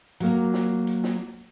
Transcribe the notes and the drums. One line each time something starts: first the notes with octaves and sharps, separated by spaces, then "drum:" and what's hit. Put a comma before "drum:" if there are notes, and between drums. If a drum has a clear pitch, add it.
F#3 A#3, drum: hi-hat
drum: snare
drum: hi-hat
drum: snare